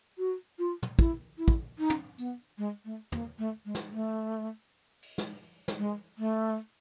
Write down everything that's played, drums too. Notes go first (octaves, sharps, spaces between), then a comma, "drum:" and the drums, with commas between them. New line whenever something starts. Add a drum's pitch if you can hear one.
F#4
F4
drum: tom
E4, drum: kick
E4
drum: kick
D#4
drum: tom
B3, drum: tambourine
G#3
A3
A#3, drum: tom
A3
G#3
drum: snare
A3
drum: open hi-hat
drum: snare
drum: snare
G#3
A3